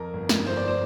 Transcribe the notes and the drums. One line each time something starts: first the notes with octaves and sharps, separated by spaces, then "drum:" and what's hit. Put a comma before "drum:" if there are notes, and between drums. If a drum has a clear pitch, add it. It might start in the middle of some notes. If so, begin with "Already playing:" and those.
Already playing: F2 A#4
G1
drum: snare
G1 C5
D5
C5